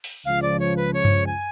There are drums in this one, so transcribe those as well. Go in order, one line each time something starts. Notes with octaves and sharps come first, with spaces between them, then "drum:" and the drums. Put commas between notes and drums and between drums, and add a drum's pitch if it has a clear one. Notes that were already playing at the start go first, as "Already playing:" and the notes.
drum: open hi-hat
C#2 C#3 F3 G#3 F5
D5
C#5
B4
C#5
drum: tom G2
G#5